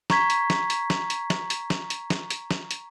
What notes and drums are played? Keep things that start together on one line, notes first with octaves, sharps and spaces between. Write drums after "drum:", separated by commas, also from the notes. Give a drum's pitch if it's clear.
A#5 C#6 G#6 B6, drum: snare
drum: hi-hat
drum: snare
drum: hi-hat
drum: snare
drum: hi-hat
drum: snare
drum: hi-hat
drum: snare
drum: hi-hat
drum: snare
drum: hi-hat
drum: snare
drum: hi-hat